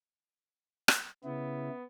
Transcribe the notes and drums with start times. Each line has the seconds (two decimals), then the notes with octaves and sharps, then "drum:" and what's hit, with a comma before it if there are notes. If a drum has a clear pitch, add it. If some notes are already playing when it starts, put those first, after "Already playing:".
0.88 drum: rim click
1.25 C#3 B3 E4